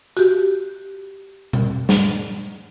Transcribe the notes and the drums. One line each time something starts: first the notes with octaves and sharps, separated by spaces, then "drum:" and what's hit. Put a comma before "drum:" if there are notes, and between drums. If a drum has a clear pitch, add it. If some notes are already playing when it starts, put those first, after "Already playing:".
F#4 G4, drum: hi-hat
drum: tom B2
drum: snare